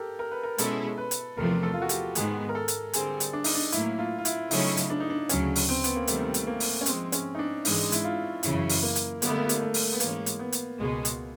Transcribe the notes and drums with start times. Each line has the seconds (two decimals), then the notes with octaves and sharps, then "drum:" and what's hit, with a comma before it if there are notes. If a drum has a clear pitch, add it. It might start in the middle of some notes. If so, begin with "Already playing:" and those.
Already playing: G4 A4 A#4
0.19 A#4
0.32 B4
0.43 A#4
0.58 B2 G#3 C#4 E4 A4, drum: hi-hat
0.98 B4
1.11 drum: hi-hat
1.37 E2 C3 F3 A3 A#4
1.63 A4
1.73 F4
1.82 F#4
1.89 G4, drum: hi-hat
2.15 G#2 D#3 G#3 B3 G#4, drum: hi-hat
2.49 A#4
2.55 A4
2.68 drum: hi-hat
2.93 D3 G3 C4 G#4, drum: hi-hat
3.20 drum: hi-hat
3.33 D4
3.44 D#4, drum: open hi-hat
3.55 D4
3.72 A2 F#3 A#3 E4, drum: hi-hat
3.99 F4
4.18 F4
4.25 E4, drum: hi-hat
4.51 C#3 F#3 A3 C#4 D#4 E4, drum: open hi-hat
4.77 drum: hi-hat
4.90 D4
5.00 D#4
5.10 D4
5.29 D2 C#3 F#3 C#4, drum: hi-hat
5.56 drum: open hi-hat
5.69 C4
5.84 B3, drum: hi-hat
5.96 A#3
6.07 C3 D#3 G3 A3, drum: hi-hat
6.34 drum: hi-hat
6.47 A#3
6.60 drum: open hi-hat
6.81 C#4
6.86 G#2 F3 G#3 C4, drum: hi-hat
7.12 C#4, drum: hi-hat
7.35 D#4
7.39 D4
7.65 G#2 E3 G#3 D#4, drum: open hi-hat
7.92 E4, drum: hi-hat
8.04 F4
8.43 F#2 C#3 E3 E4, drum: hi-hat
8.69 drum: open hi-hat
8.82 A#3
8.96 drum: hi-hat
9.22 D3 G3 A#3 B3 E4, drum: hi-hat
9.30 A3
9.38 A#3
9.49 A#3, drum: hi-hat
9.61 A3
9.74 drum: open hi-hat
9.92 B3
10.00 G#2 E3 G#3 A#3 C#4, drum: hi-hat
10.26 drum: hi-hat
10.39 B3
10.52 drum: hi-hat
10.78 C#2 B2 G#3
11.05 drum: hi-hat